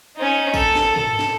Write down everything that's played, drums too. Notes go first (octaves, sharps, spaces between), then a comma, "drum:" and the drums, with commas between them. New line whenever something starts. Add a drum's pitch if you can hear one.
C#4 D#4
A4, drum: kick, tambourine
drum: snare
A4, drum: tom
drum: snare